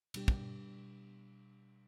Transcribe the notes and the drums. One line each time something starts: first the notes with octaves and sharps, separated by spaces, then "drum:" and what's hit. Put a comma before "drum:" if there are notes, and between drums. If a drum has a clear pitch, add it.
B2 G3 D4 G4, drum: cymbal
drum: kick